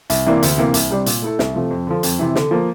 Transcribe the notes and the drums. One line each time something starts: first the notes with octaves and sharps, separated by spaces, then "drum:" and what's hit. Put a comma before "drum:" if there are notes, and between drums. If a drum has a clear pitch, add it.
C2, drum: hi-hat
C3 E3 A#3 D4
D2, drum: hi-hat
C3 E3 A#3
C2, drum: hi-hat
C3 G3 D4
A#2, drum: hi-hat
A3 E4 A4
C2, drum: snare
C3 F3 A3
F2
D3 F3
F2, drum: hi-hat
C3 E3
D3, drum: snare
F3 A#3